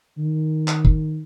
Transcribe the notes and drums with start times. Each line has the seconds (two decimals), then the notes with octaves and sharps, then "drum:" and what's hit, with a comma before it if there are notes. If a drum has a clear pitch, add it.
0.18 D#3
0.68 drum: clap
0.85 drum: kick